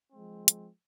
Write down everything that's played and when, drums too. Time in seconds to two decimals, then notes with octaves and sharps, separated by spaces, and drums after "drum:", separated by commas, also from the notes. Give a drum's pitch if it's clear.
0.12 F3 G#3 C4
0.48 drum: hi-hat